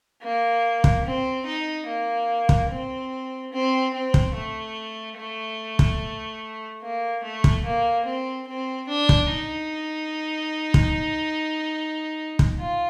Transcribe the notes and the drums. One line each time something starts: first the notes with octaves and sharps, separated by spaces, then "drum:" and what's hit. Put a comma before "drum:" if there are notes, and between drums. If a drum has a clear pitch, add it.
A#3
drum: kick
C4
D#4
A#3
drum: kick
C4
C4
C4
drum: kick
A3
A3
drum: kick
A#3
A3
drum: kick
A#3
C4
C4
D4
drum: kick
D#4
drum: kick
drum: kick
F4